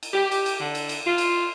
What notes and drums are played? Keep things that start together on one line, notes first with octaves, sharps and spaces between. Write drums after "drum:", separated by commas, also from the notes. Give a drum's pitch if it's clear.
drum: cymbal
G4
drum: cymbal
drum: cymbal
D3
drum: cymbal
drum: cymbal
F4
drum: cymbal